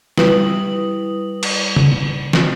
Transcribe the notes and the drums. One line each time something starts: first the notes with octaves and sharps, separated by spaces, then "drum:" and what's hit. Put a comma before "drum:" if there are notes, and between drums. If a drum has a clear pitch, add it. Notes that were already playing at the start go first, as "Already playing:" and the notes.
G3 E4 B4 D#6 F#7, drum: snare
drum: cymbal
drum: tom C#3
drum: snare